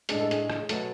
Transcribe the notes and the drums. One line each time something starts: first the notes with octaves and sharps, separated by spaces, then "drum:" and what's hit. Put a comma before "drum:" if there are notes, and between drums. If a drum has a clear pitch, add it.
A2 G#3 D4 G#4, drum: hi-hat
A4
G#4, drum: hi-hat
drum: rim click
B2 F#3 A3, drum: hi-hat